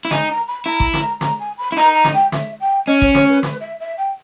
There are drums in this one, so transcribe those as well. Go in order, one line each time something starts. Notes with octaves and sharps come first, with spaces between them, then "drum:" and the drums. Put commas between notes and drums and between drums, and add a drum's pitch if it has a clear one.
E4
D#4 G#5, drum: snare
A#5
B5
E4 A#5
drum: kick G#1
A#5, drum: snare
A#5, drum: snare
G#5
B5
E4
D#4 A#5
A#5
drum: snare
G5
E5, drum: snare
G5
C#4 D#5
C#5, drum: kick G#1
C#5, drum: snare
B4
B4, drum: snare
E5
E5
G5